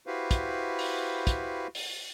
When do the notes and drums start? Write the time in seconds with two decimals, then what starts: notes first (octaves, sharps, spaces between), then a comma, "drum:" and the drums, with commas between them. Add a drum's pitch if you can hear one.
0.07 E4 F#4 G4 B4 C5 F5
0.31 drum: kick, hi-hat
0.79 drum: open hi-hat
1.27 drum: kick, hi-hat
1.75 drum: open hi-hat